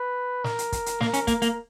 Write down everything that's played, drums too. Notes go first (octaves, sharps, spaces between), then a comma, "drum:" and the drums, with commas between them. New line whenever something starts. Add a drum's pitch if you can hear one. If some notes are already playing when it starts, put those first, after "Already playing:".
Already playing: B4
A#4, drum: snare
drum: hi-hat
drum: kick, hi-hat
drum: hi-hat
A#3, drum: snare
C#4, drum: hi-hat
A#3, drum: kick, hi-hat
A#3, drum: hi-hat